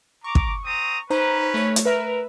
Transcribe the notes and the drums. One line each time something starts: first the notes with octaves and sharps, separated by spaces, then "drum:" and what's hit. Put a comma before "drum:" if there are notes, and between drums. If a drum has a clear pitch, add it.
A#5 C#6 D6
drum: kick
C4 A#5 D#6
C#4 D#4 B4 C5 A#5
A3 C#5
drum: hi-hat
A#4 B4 E5